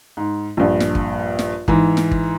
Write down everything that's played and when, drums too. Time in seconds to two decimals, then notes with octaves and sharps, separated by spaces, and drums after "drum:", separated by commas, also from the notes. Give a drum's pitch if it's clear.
0.17 G#2
0.57 A#1 G2
0.80 drum: snare
0.95 drum: kick
1.39 drum: snare
1.68 G#2 E3, drum: kick
1.97 drum: snare
2.11 drum: kick